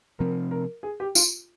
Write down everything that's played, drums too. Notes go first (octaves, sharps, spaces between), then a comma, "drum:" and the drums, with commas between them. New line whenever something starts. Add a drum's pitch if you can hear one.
C3 F3 C4 A#4
A#4
G#4
G4
F4, drum: tambourine